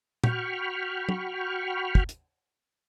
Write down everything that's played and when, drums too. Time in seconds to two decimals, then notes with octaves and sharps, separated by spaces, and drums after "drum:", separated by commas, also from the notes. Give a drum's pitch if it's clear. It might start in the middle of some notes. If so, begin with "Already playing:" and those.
0.24 F#4 G5 B5 C#6 F6, drum: tom
1.09 drum: tom
1.95 drum: kick
2.09 drum: hi-hat